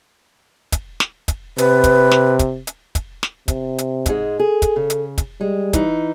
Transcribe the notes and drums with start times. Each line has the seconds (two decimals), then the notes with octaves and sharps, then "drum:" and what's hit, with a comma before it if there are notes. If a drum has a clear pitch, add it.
0.72 drum: kick, hi-hat
1.00 drum: snare
1.28 drum: kick, hi-hat
1.58 C3 B4, drum: hi-hat
1.84 drum: kick, hi-hat
2.11 drum: snare
2.39 drum: kick, hi-hat
2.67 drum: hi-hat
2.95 drum: kick, hi-hat
3.23 drum: snare
3.48 C3, drum: kick, hi-hat
3.78 drum: hi-hat
4.06 G#2 G#3, drum: kick, hi-hat
4.39 G#4 A4
4.62 drum: kick, hi-hat
4.76 C#3
4.90 drum: hi-hat
5.18 drum: kick, hi-hat
5.41 G3 G#3
5.73 E3 D#4, drum: kick, hi-hat